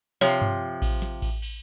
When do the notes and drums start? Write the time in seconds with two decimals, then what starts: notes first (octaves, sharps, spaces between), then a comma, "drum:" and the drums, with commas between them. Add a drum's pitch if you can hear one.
0.21 C3 F3 G4 C#5 E5 G5, drum: snare
0.41 drum: tom G2
0.82 drum: kick A1, cymbal
1.02 drum: snare
1.22 drum: kick A1, cymbal
1.42 drum: cymbal